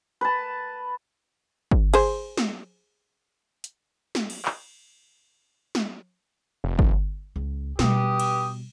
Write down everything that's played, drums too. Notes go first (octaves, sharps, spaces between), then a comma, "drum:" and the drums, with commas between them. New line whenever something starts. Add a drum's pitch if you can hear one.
B4 A5
drum: kick G1
G#4 C5, drum: cymbal
drum: snare
drum: hi-hat
drum: snare
drum: cymbal
drum: clap
drum: snare
F1
drum: kick G1
C#2
B2 G3 G4 B4 D#6, drum: snare
drum: cymbal